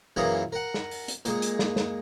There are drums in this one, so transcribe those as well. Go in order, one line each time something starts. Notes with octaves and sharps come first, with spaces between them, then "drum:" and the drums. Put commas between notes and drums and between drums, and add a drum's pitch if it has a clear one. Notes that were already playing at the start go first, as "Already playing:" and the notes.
F#2 A#2 E3 F4 G#4 A#4
A#4 F#5
drum: snare
drum: open hi-hat
drum: hi-hat
A#2 G#3, drum: hi-hat
drum: hi-hat
drum: snare
drum: snare